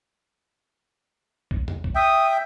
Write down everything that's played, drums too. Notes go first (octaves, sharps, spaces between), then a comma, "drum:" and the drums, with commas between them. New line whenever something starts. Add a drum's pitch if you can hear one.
drum: kick B1
drum: tom E2
drum: kick B1
E5 G5 D#6